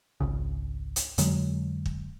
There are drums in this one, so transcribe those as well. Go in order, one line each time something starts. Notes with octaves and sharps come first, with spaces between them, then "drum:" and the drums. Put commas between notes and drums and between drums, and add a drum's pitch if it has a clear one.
G#1 C#2 C#3
drum: hi-hat
F2 D3 F#3 G#3, drum: hi-hat
drum: kick